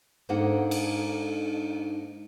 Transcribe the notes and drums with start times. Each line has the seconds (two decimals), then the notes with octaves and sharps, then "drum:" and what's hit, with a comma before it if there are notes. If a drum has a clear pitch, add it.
0.29 G#2 A#3 D4 D#4 A4 F#5
0.71 drum: cymbal